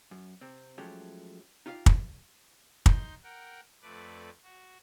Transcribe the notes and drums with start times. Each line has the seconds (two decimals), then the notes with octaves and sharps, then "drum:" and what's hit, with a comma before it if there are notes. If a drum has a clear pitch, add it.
0.11 F#2
0.41 C3 C4
0.78 F3 F#3 G#3 A3 C#4 G4
1.66 D#4 F4 G4 C#5 F5
1.86 drum: kick
2.86 D#4 C6 G6, drum: kick
3.24 A#4 F#5 G5
3.82 F2 A3 B4 D5
4.43 F#4